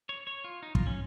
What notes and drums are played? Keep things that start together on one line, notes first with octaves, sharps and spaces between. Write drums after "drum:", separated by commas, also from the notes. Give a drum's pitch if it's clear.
C#5
C#5
F4
D#4
F4, drum: kick
C#4